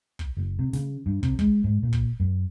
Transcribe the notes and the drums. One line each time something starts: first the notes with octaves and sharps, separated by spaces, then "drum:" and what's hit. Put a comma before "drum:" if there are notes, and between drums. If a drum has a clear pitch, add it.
drum: kick
F#1
C3
C#3, drum: snare
G2
C3, drum: kick
G#3, drum: kick
G#2
A#2
drum: kick
F#2